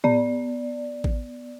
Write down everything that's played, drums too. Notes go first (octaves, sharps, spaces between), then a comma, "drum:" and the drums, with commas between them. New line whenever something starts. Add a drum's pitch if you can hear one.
B3 D5, drum: tom A2
drum: kick A1